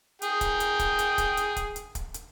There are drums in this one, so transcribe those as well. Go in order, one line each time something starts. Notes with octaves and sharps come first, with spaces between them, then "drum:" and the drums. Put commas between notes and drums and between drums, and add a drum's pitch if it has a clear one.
G#4 G5, drum: hi-hat
drum: kick, hi-hat
drum: hi-hat
drum: kick, hi-hat
drum: hi-hat
drum: kick, hi-hat
drum: hi-hat
drum: kick, hi-hat
drum: hi-hat
drum: kick, hi-hat
drum: hi-hat